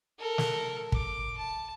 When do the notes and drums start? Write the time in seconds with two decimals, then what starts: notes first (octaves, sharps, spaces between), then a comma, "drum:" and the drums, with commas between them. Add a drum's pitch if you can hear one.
0.19 A4 A#4
0.38 drum: snare
0.92 D6, drum: kick
1.37 A5